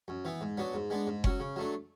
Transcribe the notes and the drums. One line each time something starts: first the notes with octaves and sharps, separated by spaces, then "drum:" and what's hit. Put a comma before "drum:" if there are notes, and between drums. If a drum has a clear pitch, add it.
F#2
E3 B3
G#2
F#3 B3 D4
G#2
G#3 B3 D4
G#2
F#3 C#4, drum: kick F#1
C#3
F#3 A3 D4